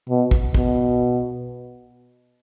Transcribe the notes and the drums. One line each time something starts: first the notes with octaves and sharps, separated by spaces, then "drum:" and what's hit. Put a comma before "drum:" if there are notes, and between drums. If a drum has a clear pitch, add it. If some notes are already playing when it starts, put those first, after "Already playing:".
B2
drum: kick
B2, drum: kick